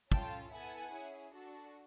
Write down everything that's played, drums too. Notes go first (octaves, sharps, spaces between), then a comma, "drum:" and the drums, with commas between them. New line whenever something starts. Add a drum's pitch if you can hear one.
C#4 F4 A4 G5 A5, drum: kick
B3 E4 A4 F#5 G#5
C#4 E4 G#4
D4 F#4 A4